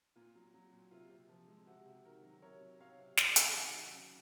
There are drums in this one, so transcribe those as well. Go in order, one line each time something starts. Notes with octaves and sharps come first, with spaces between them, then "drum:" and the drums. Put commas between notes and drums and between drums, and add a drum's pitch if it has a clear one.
A#2 F4
F#3
F#3
A#2
C3 F4
C3
F3
G#3
C3 F#4
C3
D#3 F#4 A#4
F#3
C3 A#4 C#5
F#3
F#3 C#5 F5
C3
C3, drum: snare
C3, drum: hi-hat
D#3 D#5 F#5
F#3
C#3